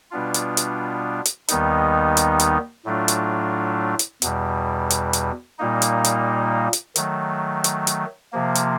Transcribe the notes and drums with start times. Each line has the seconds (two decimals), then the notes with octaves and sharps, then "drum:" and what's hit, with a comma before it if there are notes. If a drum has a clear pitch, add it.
0.11 B2 G3 B3 D4 F4
0.34 drum: hi-hat
0.57 drum: hi-hat
1.25 drum: hi-hat
1.48 D#2 D#3 G3 B3 D#4, drum: hi-hat
2.17 drum: hi-hat
2.40 drum: hi-hat
2.85 A2 F#3 A3 D4 F4
3.08 drum: hi-hat
3.99 drum: hi-hat
4.22 E2 B2 G3, drum: hi-hat
4.90 drum: hi-hat
5.13 drum: hi-hat
5.59 A#2 G3 A#3 D#4
5.82 drum: hi-hat
6.04 drum: hi-hat
6.73 drum: hi-hat
6.96 D#3 F#3 A3, drum: hi-hat
7.64 drum: hi-hat
7.87 drum: hi-hat
8.32 C3 F3 A#3
8.55 drum: hi-hat